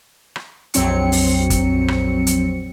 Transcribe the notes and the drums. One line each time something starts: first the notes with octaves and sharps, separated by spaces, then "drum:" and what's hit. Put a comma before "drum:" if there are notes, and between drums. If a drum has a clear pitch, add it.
drum: rim click
A#1 F2 F#3 C4 C#7, drum: hi-hat
drum: open hi-hat
drum: kick G1, hi-hat
drum: rim click
drum: hi-hat